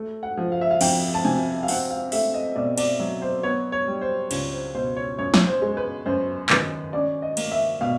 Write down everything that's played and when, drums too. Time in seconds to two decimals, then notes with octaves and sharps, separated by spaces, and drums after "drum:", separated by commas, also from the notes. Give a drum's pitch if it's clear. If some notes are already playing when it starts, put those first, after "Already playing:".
Already playing: A3
0.23 F#5
0.37 F3
0.52 F5
0.61 E5
0.71 F5
0.81 F2 G5, drum: cymbal
1.14 A5
1.24 C3 G#5
1.63 F5
1.68 C4 F#5, drum: open hi-hat
1.90 F5
2.12 A3 E5, drum: open hi-hat
2.34 D#5
2.56 B2 D5
2.78 D5, drum: cymbal
3.00 F#3
3.22 C5
3.43 B3 C#5
3.72 C#5
3.87 G3
4.02 C5
4.31 C#2 C#5, drum: cymbal
4.52 C5
4.74 B2 C5
4.96 C#5
5.18 F#2 C#5
5.34 drum: snare
5.47 C5
5.62 G#3
5.77 B4
6.06 F#2 C5
6.50 D#3 B4, drum: clap
6.93 C#4 D5
7.22 D#5
7.37 A#3, drum: cymbal
7.52 E5
7.81 B2 F5